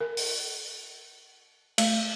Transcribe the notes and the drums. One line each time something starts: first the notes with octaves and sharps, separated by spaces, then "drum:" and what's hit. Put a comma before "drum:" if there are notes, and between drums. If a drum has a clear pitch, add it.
A#4
drum: open hi-hat
A3, drum: cymbal